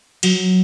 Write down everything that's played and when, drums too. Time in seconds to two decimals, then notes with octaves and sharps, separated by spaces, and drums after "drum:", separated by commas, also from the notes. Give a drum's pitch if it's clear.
0.23 F#3, drum: cymbal